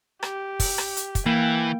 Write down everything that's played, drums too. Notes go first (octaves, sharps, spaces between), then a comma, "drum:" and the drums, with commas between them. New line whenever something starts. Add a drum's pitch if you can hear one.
G4, drum: rim click
drum: kick, open hi-hat
drum: rim click
drum: hi-hat
drum: kick, hi-hat
E3 A#3 G5